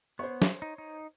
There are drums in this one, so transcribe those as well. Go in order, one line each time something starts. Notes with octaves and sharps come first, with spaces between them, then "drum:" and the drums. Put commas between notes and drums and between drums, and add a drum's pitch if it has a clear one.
B3 C5 C#5
drum: snare
D#4
D#4